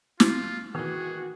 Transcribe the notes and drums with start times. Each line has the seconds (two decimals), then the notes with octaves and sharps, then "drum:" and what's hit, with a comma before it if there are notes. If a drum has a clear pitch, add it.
0.20 F4, drum: snare
0.75 D#3 E3 F#4 G#4